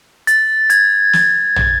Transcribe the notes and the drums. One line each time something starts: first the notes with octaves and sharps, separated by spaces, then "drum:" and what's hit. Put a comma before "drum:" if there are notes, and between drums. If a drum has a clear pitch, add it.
A6, drum: hi-hat
G#6, drum: hi-hat
drum: snare
drum: tom